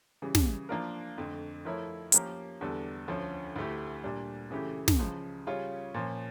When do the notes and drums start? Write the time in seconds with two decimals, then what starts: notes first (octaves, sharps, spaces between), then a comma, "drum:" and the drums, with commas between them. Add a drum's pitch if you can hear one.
0.22 C#3 E3 G3
0.35 drum: snare
0.69 F3 A#3 D4 F4 A#4
1.18 F2 D3 A3
1.65 F3 A3 E4 A#4 C#5
2.12 F3 A#3 C#4 G4 A#4, drum: hi-hat
2.61 E2 D3 G3 D4 A4
3.08 D2 D3 F3 C#4
3.56 D2 D3 A3 E4 G4
4.04 A#2 G3 D4
4.51 C#3 E3 A3 E4 G4
4.88 drum: snare
4.99 C#2 C#3 F3
5.47 C#3 G3 C#4 F4 C#5
5.94 A#2 F3 C#4